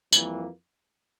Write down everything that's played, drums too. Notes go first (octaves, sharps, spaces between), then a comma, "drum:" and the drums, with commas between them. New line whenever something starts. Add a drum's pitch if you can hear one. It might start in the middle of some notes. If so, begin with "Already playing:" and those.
F2 E3 G3 A#3, drum: tambourine